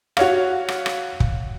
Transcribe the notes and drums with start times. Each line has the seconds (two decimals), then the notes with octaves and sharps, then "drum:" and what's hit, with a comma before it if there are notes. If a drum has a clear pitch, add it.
0.17 F#4 C#5 F5, drum: rim click
0.68 drum: rim click
0.86 drum: rim click
1.20 drum: kick